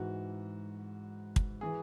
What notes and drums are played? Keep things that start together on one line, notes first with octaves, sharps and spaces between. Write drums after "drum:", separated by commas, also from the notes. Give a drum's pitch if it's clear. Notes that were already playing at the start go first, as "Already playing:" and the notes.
Already playing: G#2 E3 F#4
drum: kick
E3 G#4